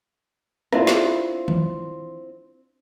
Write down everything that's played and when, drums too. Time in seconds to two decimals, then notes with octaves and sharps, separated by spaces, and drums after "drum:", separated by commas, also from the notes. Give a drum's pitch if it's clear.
0.73 C4 D4 E4 F4, drum: rim click
0.87 drum: snare
1.48 drum: tom